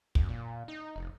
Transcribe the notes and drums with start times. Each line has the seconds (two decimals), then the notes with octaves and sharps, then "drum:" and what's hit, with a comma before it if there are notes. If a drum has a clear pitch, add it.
0.15 F#2, drum: kick
0.29 A#2
0.68 D#4
0.96 F1